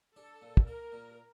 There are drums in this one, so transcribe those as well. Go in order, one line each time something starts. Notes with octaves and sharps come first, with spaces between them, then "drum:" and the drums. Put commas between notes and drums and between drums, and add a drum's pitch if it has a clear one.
D4 A4
A#2
drum: kick
A#3 A#4
A#2